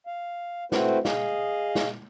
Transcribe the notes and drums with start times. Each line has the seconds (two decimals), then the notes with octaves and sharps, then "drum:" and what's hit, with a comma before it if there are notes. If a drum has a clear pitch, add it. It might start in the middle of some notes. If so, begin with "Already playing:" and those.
0.07 F5
0.72 A3 C4 E4 F#4 B4 C5, drum: snare
1.05 G#4 D#5 F5, drum: snare
1.75 drum: snare